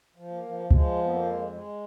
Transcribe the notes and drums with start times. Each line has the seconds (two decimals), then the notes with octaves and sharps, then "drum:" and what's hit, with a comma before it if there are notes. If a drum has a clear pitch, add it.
0.16 F3
0.30 A#3
0.43 F3
0.71 F3 G#3, drum: kick C#2
0.98 F2
1.04 B3
1.12 A#3
1.25 G#3
1.53 G#3